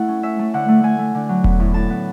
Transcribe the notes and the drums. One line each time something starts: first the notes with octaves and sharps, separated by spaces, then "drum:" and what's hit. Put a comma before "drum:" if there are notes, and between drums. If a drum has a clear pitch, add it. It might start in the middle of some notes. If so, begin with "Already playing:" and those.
Already playing: A3 E4 F#5
C#4
C#4 E5
A3
D3 F#5
A3
A3 G#5
A3
D3
F#3
B3, drum: kick E1
A2
A2 A5
B3